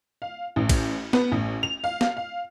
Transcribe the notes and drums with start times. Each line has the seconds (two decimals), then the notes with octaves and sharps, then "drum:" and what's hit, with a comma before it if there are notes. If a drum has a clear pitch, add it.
0.22 F5
0.56 A1
0.69 drum: kick A1, cymbal
1.13 B3, drum: snare
1.32 A1
1.63 F7
1.84 F5
2.01 drum: snare
2.17 F5